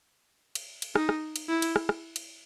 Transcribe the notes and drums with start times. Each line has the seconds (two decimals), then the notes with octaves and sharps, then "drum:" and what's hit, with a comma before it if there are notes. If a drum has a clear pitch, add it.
0.55 drum: cymbal
0.82 drum: cymbal
0.95 D#4, drum: rim click
1.09 drum: rim click
1.36 drum: cymbal
1.49 E4
1.62 drum: cymbal
1.76 drum: rim click
1.89 drum: rim click
2.16 drum: cymbal